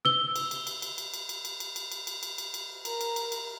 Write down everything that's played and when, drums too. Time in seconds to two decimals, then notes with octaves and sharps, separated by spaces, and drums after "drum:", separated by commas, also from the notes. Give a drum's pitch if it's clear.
0.05 E6 G7
0.36 drum: cymbal
0.51 drum: cymbal
0.67 drum: cymbal
0.82 drum: cymbal
0.98 drum: cymbal
1.14 drum: cymbal
1.29 drum: cymbal
1.45 drum: cymbal
1.60 drum: cymbal
1.76 drum: cymbal
1.92 drum: cymbal
2.07 drum: cymbal
2.23 drum: cymbal
2.38 drum: cymbal
2.54 drum: cymbal
2.85 A#4 A#5, drum: cymbal
3.01 drum: cymbal
3.16 drum: cymbal
3.32 drum: cymbal